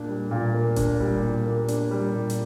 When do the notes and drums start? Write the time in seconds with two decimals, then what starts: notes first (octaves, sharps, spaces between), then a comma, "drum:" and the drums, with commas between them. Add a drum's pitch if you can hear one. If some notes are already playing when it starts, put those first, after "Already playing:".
Already playing: A#2 A#3 D4
0.08 G3
0.31 A#2
0.54 A#3
0.76 D4, drum: kick F1, hi-hat
1.00 G3
1.22 A#2
1.46 A#3
1.68 D4, drum: hi-hat
1.91 G3
2.14 A#2
2.30 drum: hi-hat